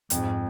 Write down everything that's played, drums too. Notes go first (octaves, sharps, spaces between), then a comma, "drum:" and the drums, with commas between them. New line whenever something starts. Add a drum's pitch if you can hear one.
F2 G#2, drum: hi-hat